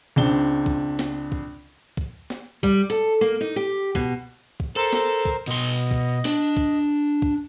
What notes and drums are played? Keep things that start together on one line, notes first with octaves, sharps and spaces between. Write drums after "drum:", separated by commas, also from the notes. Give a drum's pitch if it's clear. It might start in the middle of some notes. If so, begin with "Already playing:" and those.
C#2 C4 D4 G7
drum: kick
drum: snare
drum: kick
drum: kick
drum: snare
G3, drum: kick
A4
A#3
D#4
G4
B2, drum: kick
drum: kick
A4 A#4 C5
drum: snare
drum: kick
B2 D#5 C6
drum: kick
D4, drum: snare
drum: kick
drum: kick